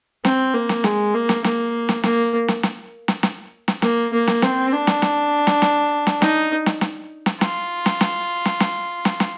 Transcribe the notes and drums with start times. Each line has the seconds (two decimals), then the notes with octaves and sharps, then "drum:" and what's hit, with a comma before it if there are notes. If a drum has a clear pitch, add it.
0.25 C4, drum: snare
0.54 A#3
0.69 drum: snare
0.84 G#3, drum: snare
1.14 A#3
1.29 drum: snare
1.44 A#3, drum: snare
1.89 drum: snare
2.03 A#3, drum: snare
2.48 drum: snare
2.63 drum: snare
3.08 drum: snare
3.23 drum: snare
3.68 drum: snare
3.82 A#3, drum: snare
4.13 A#3
4.28 drum: snare
4.42 C4, drum: snare
4.72 D4
4.87 drum: snare
5.02 drum: snare
5.47 drum: snare
5.62 drum: snare
6.07 drum: snare
6.22 D#4, drum: snare
6.66 drum: snare
6.81 drum: snare
7.26 drum: snare
7.41 F4, drum: snare
7.86 drum: snare
8.01 drum: snare
8.45 drum: snare
8.60 drum: snare
9.05 drum: snare
9.20 drum: snare